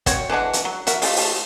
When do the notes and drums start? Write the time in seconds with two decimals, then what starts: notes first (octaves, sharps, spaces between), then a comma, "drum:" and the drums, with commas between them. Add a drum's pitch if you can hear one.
0.06 C4 F#4 C#5, drum: kick, hi-hat
0.29 E3 G#3 D4 F#4
0.53 drum: hi-hat
0.65 F#3
0.87 F#4 A#4 E5, drum: hi-hat
1.02 G#3 A3 F4, drum: open hi-hat
1.16 drum: open hi-hat